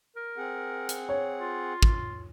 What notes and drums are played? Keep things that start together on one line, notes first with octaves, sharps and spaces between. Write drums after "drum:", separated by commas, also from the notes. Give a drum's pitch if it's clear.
A#4
C4 G#4 F#5
drum: hi-hat
C#5
F4
drum: kick